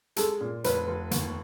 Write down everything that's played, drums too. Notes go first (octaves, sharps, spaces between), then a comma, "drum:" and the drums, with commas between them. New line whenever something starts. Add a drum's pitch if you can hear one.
G#3 A4, drum: hi-hat
A#2
F1 B4, drum: hi-hat
F1
D#2, drum: hi-hat